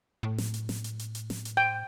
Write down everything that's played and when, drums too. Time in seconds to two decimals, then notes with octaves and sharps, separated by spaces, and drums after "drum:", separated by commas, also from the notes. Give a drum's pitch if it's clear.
0.23 A2
0.38 drum: snare
0.54 drum: hi-hat
0.69 drum: snare
0.84 drum: hi-hat
0.99 drum: hi-hat
1.15 drum: hi-hat
1.30 drum: snare
1.45 drum: hi-hat
1.57 G5